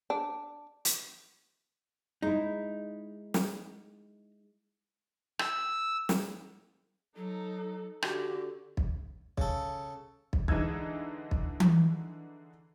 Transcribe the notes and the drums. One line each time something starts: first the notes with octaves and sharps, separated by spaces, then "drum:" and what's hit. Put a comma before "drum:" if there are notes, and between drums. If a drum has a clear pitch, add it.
D4
drum: hi-hat
G#3 D#4 E4
drum: snare
E6, drum: rim click
drum: snare
F#3 D#4 A4
D3 F#4 G4, drum: rim click
drum: kick
C#3 A4, drum: kick
drum: kick
D3 E3 G#3 D#4 E6 G#6, drum: kick
drum: kick
drum: tom E3